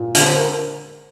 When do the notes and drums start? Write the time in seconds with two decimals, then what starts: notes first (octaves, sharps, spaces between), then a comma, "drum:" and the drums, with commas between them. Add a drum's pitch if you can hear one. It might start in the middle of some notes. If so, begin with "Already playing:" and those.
Already playing: A#2
0.15 D3, drum: hi-hat
0.26 C5
0.36 A#4